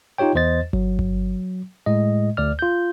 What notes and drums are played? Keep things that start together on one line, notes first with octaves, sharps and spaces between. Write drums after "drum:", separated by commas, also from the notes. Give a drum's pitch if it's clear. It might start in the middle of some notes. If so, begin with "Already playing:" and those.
D#4 F4 G4 C#5 G5
E2 C5 D#5 A6
F#3, drum: kick G1
drum: kick G1
A2 G#3 D#5
D2 D5 F6
F4 G6